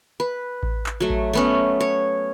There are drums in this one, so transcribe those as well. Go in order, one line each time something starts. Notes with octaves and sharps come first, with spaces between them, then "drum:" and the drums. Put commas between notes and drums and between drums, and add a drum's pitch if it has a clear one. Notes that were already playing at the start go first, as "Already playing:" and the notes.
B4
drum: kick A1
drum: clap
F#3 A3
drum: kick A1
A3 B3 C#4
C#5